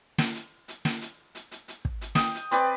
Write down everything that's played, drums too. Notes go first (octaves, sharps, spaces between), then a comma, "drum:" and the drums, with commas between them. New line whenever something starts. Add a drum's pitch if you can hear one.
drum: snare
drum: hi-hat
drum: hi-hat
drum: snare
drum: hi-hat
drum: hi-hat
drum: hi-hat
drum: hi-hat
drum: kick
drum: hi-hat
G5 D#6, drum: snare
drum: hi-hat
C4 B4 D5, drum: hi-hat